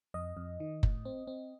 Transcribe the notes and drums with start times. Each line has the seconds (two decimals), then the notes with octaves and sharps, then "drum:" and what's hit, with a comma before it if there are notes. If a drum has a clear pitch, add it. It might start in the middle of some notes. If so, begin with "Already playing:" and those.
0.14 F2 D#5
0.37 F2
0.60 D#3
0.83 A2, drum: kick F#1
1.05 C4
1.27 C4